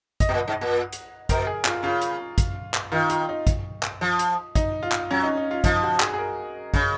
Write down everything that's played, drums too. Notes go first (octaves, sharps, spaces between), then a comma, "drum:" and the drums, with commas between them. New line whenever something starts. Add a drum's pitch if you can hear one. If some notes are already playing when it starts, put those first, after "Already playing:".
D#5, drum: kick, hi-hat
B2
A#2
G#2
A#2
drum: hi-hat
B2 A#4, drum: kick, hi-hat
G#4
F4, drum: clap
C#3 F4
drum: hi-hat
drum: kick, hi-hat
drum: clap
D#3 F4
F4, drum: hi-hat
D#4
drum: kick, hi-hat
drum: clap
F3
drum: hi-hat
D#4, drum: kick, hi-hat
F4
drum: clap
F#3 C#4
D#4
D#4
F4
F3 D#4, drum: kick, hi-hat
F#4
G#4, drum: clap
G#4
A#4
C#3, drum: kick, hi-hat